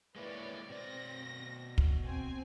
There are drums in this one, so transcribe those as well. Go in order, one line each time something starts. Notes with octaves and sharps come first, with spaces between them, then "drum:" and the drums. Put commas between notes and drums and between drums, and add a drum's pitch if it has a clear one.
G#3 A#3 E4 B4 C#5 D5
B2 C4 D5 A#6
drum: kick
C4 G#5